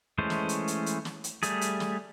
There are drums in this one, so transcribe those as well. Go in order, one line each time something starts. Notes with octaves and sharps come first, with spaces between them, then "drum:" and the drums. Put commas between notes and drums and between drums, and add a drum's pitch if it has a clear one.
E3 G#3 A3 C#4 C5
drum: snare
drum: hi-hat
drum: hi-hat
drum: hi-hat
drum: snare
drum: hi-hat
G3 A3 G#4, drum: hi-hat
drum: hi-hat
drum: snare